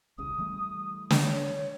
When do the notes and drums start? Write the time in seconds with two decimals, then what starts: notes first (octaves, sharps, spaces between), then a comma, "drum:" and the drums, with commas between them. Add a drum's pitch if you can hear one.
0.18 D#1 C2 C#3 D#6
0.38 E3 G3 A3
1.10 drum: snare
1.21 C#5